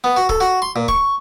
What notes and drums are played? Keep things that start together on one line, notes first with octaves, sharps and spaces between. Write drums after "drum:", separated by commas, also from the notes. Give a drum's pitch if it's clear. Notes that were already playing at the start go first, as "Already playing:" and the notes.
B3
F#4
A4, drum: kick
F#4
C6
A#2
C#6, drum: kick